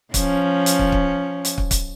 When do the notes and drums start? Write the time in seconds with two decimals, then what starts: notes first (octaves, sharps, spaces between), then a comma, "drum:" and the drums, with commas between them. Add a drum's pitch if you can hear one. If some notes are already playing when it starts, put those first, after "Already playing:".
0.14 F3 C#4, drum: kick, hi-hat
0.66 drum: hi-hat
0.79 drum: kick
0.92 drum: kick
1.45 drum: hi-hat
1.58 drum: kick
1.71 drum: kick, hi-hat